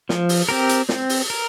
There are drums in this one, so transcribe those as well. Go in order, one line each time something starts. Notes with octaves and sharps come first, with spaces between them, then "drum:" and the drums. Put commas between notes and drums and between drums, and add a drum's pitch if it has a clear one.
F3, drum: snare
drum: open hi-hat
C4 G4 A#4
drum: hi-hat
C4, drum: snare
drum: open hi-hat
A#4